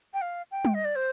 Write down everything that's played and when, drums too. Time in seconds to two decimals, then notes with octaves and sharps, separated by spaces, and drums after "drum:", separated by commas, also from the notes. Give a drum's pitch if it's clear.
0.14 G5
0.22 F5
0.51 G5
0.65 drum: tom G3
0.74 D#5
0.85 D5
0.96 C5